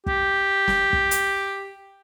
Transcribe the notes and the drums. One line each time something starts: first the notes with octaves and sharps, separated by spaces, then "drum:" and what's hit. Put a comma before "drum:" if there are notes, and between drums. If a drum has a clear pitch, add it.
G4, drum: kick
drum: snare
drum: kick
drum: hi-hat